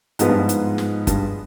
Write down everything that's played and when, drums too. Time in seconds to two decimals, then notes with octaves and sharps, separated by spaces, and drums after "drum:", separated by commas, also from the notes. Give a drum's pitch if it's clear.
0.19 G#2 F3 G#3 B3 F4 B4, drum: hi-hat
0.29 G2
0.39 G#2
0.49 drum: hi-hat
0.78 drum: snare
1.07 G2, drum: kick, hi-hat